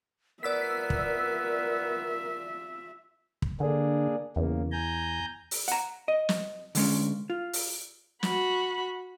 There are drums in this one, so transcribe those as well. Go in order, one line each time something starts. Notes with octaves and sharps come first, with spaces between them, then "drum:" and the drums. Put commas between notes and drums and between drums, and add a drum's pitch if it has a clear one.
B3 F4 A#4 D5 E5 E6 B6
drum: kick
drum: kick
D3 A#3 D4 G#4
E2 C#3 A#3
G#5 A#5 G6
drum: open hi-hat
F#5 A#5, drum: hi-hat
D#5
drum: snare
D3 G#3 C#4, drum: open hi-hat
F4
drum: open hi-hat
F#4 B5, drum: snare